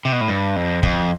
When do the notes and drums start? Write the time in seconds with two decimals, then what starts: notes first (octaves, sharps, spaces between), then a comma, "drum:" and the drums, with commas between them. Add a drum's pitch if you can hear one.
0.05 C3
0.12 B2
0.21 A2
0.28 G2
0.56 F2
0.83 F2, drum: kick